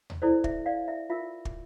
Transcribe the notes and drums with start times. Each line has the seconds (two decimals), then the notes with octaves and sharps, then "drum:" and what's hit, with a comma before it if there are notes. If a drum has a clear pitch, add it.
0.10 drum: tom D#2
0.22 E4 A4 C5 D5
0.44 E5, drum: kick
0.66 D5 F5
0.88 E5
1.10 F4 A#4 E5
1.45 drum: kick